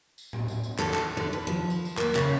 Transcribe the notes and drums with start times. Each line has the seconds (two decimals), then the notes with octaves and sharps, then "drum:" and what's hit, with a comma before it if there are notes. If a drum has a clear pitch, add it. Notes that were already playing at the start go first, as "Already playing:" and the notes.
0.18 drum: tambourine
0.33 drum: tom A2
0.48 drum: tambourine
0.64 drum: tambourine
0.79 A4, drum: clap
0.94 drum: clap
1.17 D3
1.33 B4
1.47 F3
1.70 drum: tambourine
1.85 drum: tambourine
1.98 A#3, drum: clap
2.15 C#3, drum: clap